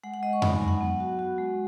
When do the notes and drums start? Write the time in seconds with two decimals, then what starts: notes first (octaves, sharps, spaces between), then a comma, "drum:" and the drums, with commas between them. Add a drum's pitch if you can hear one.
0.04 G#3 F#5
0.14 F#5
0.23 G#3 D#5
0.33 C#6
0.42 D#4 B5, drum: tom F2
0.55 G#5
0.61 F#3
0.68 F#5
0.81 B3
1.00 F#4
1.19 F#4
1.38 G#3